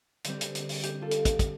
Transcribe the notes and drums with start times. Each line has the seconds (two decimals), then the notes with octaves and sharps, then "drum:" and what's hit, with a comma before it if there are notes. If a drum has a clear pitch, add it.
0.24 D3 G3 C4 G4, drum: hi-hat
0.41 drum: hi-hat
0.55 drum: hi-hat
0.69 drum: open hi-hat
0.83 G4, drum: hi-hat
1.01 F4 A4
1.11 drum: hi-hat
1.25 drum: kick, hi-hat
1.39 drum: kick, hi-hat